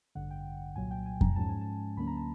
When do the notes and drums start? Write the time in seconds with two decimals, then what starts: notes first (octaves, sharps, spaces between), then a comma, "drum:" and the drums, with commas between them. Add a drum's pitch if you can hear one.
0.15 A1 G2 D3 F#5
0.31 G5
0.76 C2 A#2 F#3 G#5
0.91 G5
1.06 G#5
1.21 A#5, drum: kick F2
1.36 G#2 F3 G#3 C#4 A5
1.49 G#5
1.61 A5
1.97 D2 D3 F#3 A#3 C#4 B5
2.07 A#5
2.17 A5